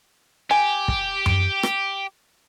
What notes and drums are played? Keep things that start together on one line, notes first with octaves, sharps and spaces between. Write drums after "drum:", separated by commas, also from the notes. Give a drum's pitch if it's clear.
G4 G#5
drum: kick
drum: tom F#2
drum: rim click